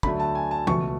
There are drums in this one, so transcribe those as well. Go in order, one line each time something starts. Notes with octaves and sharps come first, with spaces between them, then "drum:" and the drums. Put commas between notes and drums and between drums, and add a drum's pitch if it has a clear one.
D2 D3 F#3 A3 B5, drum: kick
A5
G#5
A5
C#2 B2 A3 C#6, drum: tom E3